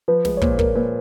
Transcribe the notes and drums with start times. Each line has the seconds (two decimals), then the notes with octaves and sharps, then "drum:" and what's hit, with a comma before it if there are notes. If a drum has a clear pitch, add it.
0.08 F3 B4
0.25 G#3 B4, drum: snare
0.37 C#5
0.41 A#2 C5, drum: kick
0.59 A#2 A#4, drum: kick
0.75 A#2 B4